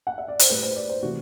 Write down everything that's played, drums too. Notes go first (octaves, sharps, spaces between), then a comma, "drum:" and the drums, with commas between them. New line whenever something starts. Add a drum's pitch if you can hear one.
F#5
E5
D5
C5, drum: hi-hat
A2 G3 B4
C5
D5
C5
C3 E3 A3 F#4